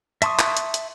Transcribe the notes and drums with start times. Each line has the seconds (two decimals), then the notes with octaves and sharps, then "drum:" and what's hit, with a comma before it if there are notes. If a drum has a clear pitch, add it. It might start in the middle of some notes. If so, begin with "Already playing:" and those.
0.22 E5 A5 C6 C#6 D#6, drum: hi-hat
0.39 drum: clap
0.57 drum: hi-hat
0.74 drum: hi-hat